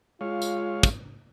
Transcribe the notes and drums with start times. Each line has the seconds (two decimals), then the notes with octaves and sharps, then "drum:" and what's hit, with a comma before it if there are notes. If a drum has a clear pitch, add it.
0.21 G#3 F4 C#5 F5
0.42 drum: tambourine
0.83 drum: kick, tambourine